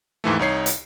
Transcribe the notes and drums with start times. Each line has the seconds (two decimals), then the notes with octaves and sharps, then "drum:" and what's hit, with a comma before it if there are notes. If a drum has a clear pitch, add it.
0.24 D#2 G#2 E3 A3
0.39 C2 D#4 C#5 C7
0.66 drum: hi-hat